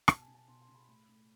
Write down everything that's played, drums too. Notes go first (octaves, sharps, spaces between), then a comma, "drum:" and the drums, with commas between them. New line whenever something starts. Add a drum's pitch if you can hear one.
B2 A5, drum: rim click
G#5
B2
A5
B2 C6
C6
B2
B5
A2 B5
A2